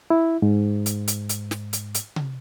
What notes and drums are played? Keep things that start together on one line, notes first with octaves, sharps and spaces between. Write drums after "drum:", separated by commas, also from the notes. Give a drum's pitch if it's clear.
E4
G#2
drum: hi-hat
drum: hi-hat
drum: hi-hat
drum: snare
drum: hi-hat
drum: hi-hat
drum: tom C3